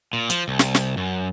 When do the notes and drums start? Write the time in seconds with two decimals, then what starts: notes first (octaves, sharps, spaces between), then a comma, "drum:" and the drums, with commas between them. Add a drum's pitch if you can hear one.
0.13 A#2
0.30 F3, drum: hi-hat
0.48 C2
0.59 drum: snare
0.75 drum: snare
0.97 F#2